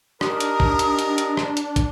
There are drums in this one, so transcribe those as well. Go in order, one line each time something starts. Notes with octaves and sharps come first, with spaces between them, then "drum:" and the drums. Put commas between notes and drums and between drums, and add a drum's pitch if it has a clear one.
D4 D#4 G4 A#4 D#6, drum: rim click
drum: hi-hat
drum: kick
drum: hi-hat
drum: hi-hat
drum: hi-hat
drum: rim click
drum: hi-hat
drum: kick, hi-hat